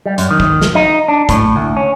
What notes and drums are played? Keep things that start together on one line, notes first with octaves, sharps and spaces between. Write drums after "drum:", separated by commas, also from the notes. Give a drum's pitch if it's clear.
G3
F#2, drum: hi-hat
D#3
drum: kick
drum: snare
D#4
D4
A2, drum: kick, hi-hat
D2
C#4